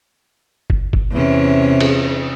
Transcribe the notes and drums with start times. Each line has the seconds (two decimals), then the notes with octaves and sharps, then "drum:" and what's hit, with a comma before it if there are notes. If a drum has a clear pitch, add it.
0.70 drum: kick
0.93 drum: kick
1.12 E2 C3 C#4
1.80 drum: cymbal